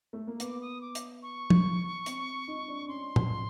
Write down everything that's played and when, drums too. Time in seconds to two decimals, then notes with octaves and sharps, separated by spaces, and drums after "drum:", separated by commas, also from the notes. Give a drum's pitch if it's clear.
0.13 A3
0.27 A#3
0.40 B3 D6, drum: hi-hat
0.61 D#6
0.81 D6
0.95 drum: hi-hat
1.23 C#6
1.50 drum: tom F3
2.06 C4, drum: hi-hat
2.48 D#4
2.68 D4
2.88 C#4 C6
3.16 drum: tom A2